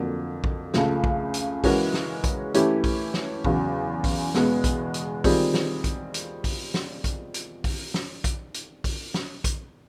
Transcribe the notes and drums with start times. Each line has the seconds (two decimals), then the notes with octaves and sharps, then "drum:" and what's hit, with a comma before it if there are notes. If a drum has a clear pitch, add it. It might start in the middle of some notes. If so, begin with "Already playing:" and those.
Already playing: F2 D3 F#3 A#3
0.44 drum: kick A#1
0.74 C#2 C#3 F3 A3, drum: snare
1.04 drum: kick A#1
1.34 drum: hi-hat
1.64 E3 G#3 C#4 F#4 A#4, drum: kick A#1, open hi-hat
1.94 drum: snare
2.24 drum: kick A#1, hi-hat
2.54 E3 A3 C#4 E4 G4, drum: hi-hat
2.84 drum: kick A#1, open hi-hat
3.14 drum: snare
3.45 E2 C#3 F#3, drum: kick A#1
4.04 drum: kick A#1, open hi-hat
4.34 E2 B2 G#3 B3, drum: snare
4.64 drum: kick A#1, hi-hat
4.94 drum: hi-hat
5.24 D#3 G3 C4 F4 G#4, drum: kick A#1, open hi-hat
5.54 drum: snare
5.84 drum: kick A#1, hi-hat
6.14 drum: hi-hat
6.44 drum: kick A#1, open hi-hat
6.74 drum: snare
7.04 drum: kick A#1, hi-hat
7.34 drum: hi-hat
7.64 drum: kick A#1, open hi-hat
7.94 drum: snare
8.24 drum: kick A#1, hi-hat
8.54 drum: hi-hat
8.84 drum: kick A#1, open hi-hat
9.14 drum: snare
9.44 drum: kick A#1, hi-hat